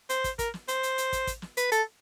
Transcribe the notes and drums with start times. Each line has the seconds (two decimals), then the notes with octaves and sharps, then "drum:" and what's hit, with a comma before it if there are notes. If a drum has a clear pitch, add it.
0.09 C5, drum: hi-hat
0.24 drum: kick, hi-hat
0.39 A#4, drum: kick, hi-hat
0.54 drum: snare
0.68 C5, drum: hi-hat
0.83 drum: hi-hat
0.98 drum: hi-hat
1.13 drum: kick, hi-hat
1.27 drum: kick, hi-hat
1.42 drum: snare
1.57 B4, drum: hi-hat
1.72 A4, drum: hi-hat